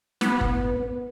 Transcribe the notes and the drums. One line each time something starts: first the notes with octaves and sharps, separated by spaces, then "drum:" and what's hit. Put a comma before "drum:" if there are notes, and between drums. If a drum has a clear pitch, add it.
B3, drum: snare
drum: kick